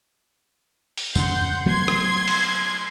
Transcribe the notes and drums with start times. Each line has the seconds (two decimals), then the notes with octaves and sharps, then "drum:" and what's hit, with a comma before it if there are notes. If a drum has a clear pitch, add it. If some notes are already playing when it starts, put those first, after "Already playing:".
0.97 drum: open hi-hat
1.15 F2 C#3 F#5 C6 G6, drum: tambourine
1.66 F#3 A3 B3 C6 G#6
1.88 drum: rim click
2.28 drum: cymbal